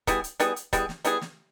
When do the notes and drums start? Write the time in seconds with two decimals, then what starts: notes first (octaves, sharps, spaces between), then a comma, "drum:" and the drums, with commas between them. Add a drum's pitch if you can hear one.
0.07 G3 B3 E4 G#4, drum: kick, hi-hat
0.24 drum: hi-hat
0.40 G3 B3 E4 G#4, drum: hi-hat
0.56 drum: hi-hat
0.73 G3 B3 E4 G#4, drum: kick, hi-hat
0.89 drum: snare
1.04 G3 B3 E4 G#4, drum: hi-hat
1.21 drum: snare